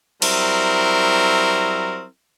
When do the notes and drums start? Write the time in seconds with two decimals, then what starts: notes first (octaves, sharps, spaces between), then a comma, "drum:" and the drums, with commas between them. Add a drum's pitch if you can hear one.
0.22 F#3 G3 C4 E4 A#4, drum: cymbal